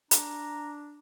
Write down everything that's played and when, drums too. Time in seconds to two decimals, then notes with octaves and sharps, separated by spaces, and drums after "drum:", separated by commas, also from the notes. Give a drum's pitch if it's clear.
0.11 D4 A#5, drum: hi-hat